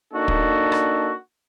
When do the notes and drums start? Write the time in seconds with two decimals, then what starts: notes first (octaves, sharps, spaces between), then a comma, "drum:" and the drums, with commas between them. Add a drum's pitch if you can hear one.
0.13 A#3 D4 D#4 F#4 A4
0.28 drum: kick
0.72 drum: rim click